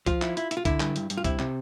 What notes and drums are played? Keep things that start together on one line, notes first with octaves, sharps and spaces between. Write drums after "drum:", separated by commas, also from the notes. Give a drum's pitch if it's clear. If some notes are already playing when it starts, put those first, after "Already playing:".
F3 F4, drum: kick C2, hi-hat
E4, drum: clap
E4, drum: hi-hat
E4, drum: hi-hat
F4
D3 E4, drum: kick C2, hi-hat
G2, drum: clap
G2, drum: hi-hat
G2, drum: hi-hat
F4
C3 E4, drum: kick C2, hi-hat
C3, drum: clap